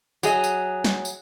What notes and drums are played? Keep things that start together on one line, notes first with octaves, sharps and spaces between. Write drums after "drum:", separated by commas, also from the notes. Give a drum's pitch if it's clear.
F#3 G#4 D#5, drum: tambourine
drum: tambourine
drum: snare
drum: tambourine